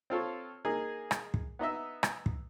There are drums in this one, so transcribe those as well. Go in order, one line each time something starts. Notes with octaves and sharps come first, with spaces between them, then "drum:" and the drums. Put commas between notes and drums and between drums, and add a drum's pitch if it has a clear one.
C4 F4 A4 C#5
A#3 D#4 G#4
drum: rim click
drum: kick
B3 D#4 D#5 E5
drum: rim click
drum: kick